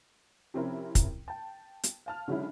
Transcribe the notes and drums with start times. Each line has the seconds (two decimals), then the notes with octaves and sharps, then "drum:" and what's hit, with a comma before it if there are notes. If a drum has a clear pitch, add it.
0.54 C3 F3 C4 C#4 E4 A#4
0.95 drum: kick, hi-hat
1.28 G5 A5
1.83 drum: hi-hat
2.06 F5 A5 F6
2.28 D3 F#3 G#3 C#4 D#4 E4